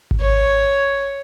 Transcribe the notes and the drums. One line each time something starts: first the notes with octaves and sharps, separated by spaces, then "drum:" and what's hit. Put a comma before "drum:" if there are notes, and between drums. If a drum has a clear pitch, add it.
drum: kick G#1
C#5